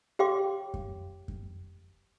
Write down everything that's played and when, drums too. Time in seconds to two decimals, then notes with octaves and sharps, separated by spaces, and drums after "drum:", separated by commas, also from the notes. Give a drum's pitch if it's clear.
0.19 G4 C#5 F5 G5 C6 D6
0.74 drum: kick F#2
1.28 drum: kick F#2